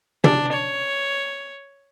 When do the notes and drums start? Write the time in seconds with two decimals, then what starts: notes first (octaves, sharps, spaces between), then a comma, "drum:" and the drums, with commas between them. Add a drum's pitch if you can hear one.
0.24 D4, drum: tom
0.53 C#5